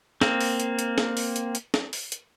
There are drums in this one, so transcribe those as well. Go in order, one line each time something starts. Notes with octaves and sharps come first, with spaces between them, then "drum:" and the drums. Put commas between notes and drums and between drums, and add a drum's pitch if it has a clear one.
A#3 C4, drum: snare
drum: open hi-hat
drum: hi-hat
drum: hi-hat
drum: snare
drum: open hi-hat
drum: hi-hat
drum: hi-hat
drum: snare
drum: open hi-hat
drum: hi-hat